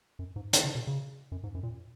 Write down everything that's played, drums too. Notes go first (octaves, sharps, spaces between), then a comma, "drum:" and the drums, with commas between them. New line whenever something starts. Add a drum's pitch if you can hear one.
F#2
G#2
D#3, drum: hi-hat
C#3
B2
C#3
F#2
G#2
F#2
A#2